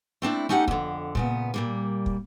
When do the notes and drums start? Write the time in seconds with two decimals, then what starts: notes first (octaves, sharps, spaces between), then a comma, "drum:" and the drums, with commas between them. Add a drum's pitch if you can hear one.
0.22 A3 C4 D4 E4
0.49 A3 C#4 D#4 G4 F#5
0.68 F2 D3, drum: kick
1.15 A#2 C#3 B3, drum: kick
1.54 A#2 G3 A#3
2.06 drum: kick